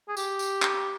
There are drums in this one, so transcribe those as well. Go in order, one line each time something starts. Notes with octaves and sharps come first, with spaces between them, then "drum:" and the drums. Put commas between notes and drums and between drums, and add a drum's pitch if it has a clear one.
G#4
G4, drum: tambourine
drum: tambourine
drum: clap